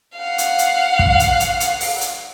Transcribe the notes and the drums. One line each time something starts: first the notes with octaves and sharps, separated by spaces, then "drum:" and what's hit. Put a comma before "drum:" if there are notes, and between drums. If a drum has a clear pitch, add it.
F5 F#5
drum: hi-hat
drum: hi-hat
drum: kick
drum: hi-hat
drum: hi-hat
drum: hi-hat
drum: open hi-hat
drum: hi-hat